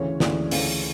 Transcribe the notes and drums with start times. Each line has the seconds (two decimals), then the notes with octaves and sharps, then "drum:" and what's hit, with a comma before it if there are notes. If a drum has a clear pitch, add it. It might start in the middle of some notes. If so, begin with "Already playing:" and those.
Already playing: D2 C#3 E3 C#5
0.20 D2 C#3 E3 D5, drum: snare
0.51 D2 C#3 E3 F5, drum: open hi-hat